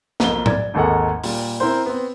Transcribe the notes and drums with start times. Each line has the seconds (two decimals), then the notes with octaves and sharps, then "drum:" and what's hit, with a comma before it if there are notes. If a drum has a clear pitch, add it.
0.20 B1 F2 A#3 G7, drum: snare
0.46 D5 G#6, drum: tom A2
0.74 G#1 D#2 G#3 A4 A#4 F#5
1.24 A#2 G3, drum: open hi-hat
1.60 C4 E4 A#4 C5
1.86 B3 C4